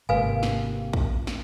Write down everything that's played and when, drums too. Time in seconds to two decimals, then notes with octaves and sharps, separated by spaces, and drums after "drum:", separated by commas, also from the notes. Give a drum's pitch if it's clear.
0.09 G#1 G#2 C3 A#3 B4 F5 G#5
0.43 drum: snare
0.93 drum: kick
1.27 drum: snare